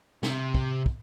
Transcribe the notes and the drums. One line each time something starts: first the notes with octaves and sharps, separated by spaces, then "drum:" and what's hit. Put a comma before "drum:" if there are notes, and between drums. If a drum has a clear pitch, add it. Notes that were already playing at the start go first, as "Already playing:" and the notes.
C3, drum: snare
drum: kick
drum: kick